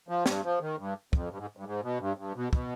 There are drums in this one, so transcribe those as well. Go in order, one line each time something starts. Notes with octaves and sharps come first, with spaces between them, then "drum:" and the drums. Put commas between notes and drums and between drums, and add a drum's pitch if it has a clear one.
F3
G2, drum: snare
F3
D#3
G2
F2, drum: kick
G2
G#2
G2
G#2
B2
G2
G2
B2
B2, drum: kick